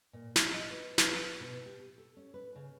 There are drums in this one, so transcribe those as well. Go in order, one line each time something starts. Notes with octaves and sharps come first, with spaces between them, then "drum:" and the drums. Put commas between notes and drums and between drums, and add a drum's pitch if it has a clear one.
A#2
D#4, drum: snare
D#5
B4
drum: snare
G5
B2
G4
A4
C#4
B4
C#3